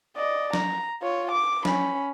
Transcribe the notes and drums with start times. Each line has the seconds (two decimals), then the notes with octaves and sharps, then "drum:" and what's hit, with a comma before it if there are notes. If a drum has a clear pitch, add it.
0.17 D5 D#5
0.53 A#5, drum: snare
1.02 F4 C#5
1.32 D6
1.65 C#4 B5, drum: snare